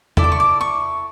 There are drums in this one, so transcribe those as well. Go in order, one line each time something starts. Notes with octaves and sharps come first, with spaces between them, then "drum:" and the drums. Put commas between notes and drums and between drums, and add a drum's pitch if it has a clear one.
E4 A4 D5, drum: tom E2
D6
C#6
D6
C#6